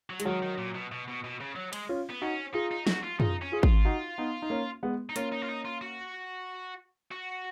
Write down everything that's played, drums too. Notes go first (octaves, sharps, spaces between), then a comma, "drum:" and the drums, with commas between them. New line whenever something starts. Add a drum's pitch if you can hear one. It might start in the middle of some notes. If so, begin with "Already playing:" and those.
F#3
G#3, drum: hi-hat
D#3 F#3
D#3
A#2
B2
B2
B2
B2
C#3
F#3
G#3, drum: cymbal
C#4 F4
B3
C#4 D#4 F#4
D#4 F4 G#4
D#4
F#4, drum: snare
F4
D#4 F4 G#4, drum: tom
C#4
F4 G#4
F4, drum: kick G#1
D#4 F#4
B3 D#4
D#4
A#3 C#4
G#3 B3
D#4
A#3 C#4 F4, drum: hi-hat
D#4
F4
D#4
F4
F#4
F#4